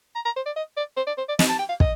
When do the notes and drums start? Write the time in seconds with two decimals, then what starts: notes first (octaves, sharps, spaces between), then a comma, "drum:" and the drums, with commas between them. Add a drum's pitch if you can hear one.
0.15 A#5
0.25 A#5
0.36 C5
0.46 D5
0.56 D#5
0.77 D5
0.97 C5
1.07 D5
1.18 C5
1.29 D5
1.39 D#5, drum: snare
1.49 A5
1.59 G5
1.69 F5
1.80 D#5, drum: kick